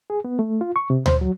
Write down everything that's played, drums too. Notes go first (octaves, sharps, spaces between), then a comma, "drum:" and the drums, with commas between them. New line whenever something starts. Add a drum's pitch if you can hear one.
G#4
B3
A3
F4
C#6
C3
C5, drum: tom D2
F#3